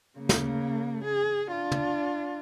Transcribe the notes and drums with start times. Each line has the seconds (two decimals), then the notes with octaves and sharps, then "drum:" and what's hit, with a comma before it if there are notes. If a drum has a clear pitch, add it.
0.18 C#3 A#3
0.29 drum: snare
1.05 G#4
1.51 D4 F4
1.72 drum: tom